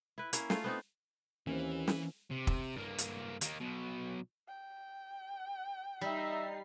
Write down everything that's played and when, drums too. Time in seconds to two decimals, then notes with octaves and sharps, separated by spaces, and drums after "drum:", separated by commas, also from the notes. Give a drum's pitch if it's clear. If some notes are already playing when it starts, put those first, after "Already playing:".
0.18 E4 B4
0.33 A#3 C#4 E4, drum: hi-hat
0.50 A3 F4, drum: snare
0.64 B3 C4 D#4
1.47 D#2 E3 A#3 C4 C#4
1.88 drum: snare
2.31 C3
2.47 drum: kick
2.76 G2 A#3
2.98 drum: hi-hat
3.41 D#3 A#3, drum: hi-hat
3.60 B1 B2
4.48 G5
6.01 G3 D#4 E5 C7